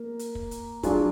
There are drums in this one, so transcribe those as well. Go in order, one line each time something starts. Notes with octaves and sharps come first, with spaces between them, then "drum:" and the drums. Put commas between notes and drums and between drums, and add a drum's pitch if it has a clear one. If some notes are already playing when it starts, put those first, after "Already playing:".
Already playing: A#3
drum: hi-hat
drum: kick
drum: hi-hat
F#3 D4 F4 G#4, drum: kick, hi-hat